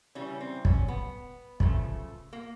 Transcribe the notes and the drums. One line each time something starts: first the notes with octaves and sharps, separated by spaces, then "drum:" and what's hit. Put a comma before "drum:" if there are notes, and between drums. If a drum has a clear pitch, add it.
C#3 E3 G3 C#4
C4
C#4, drum: kick
B3
C#3 F3 A3, drum: kick
A#3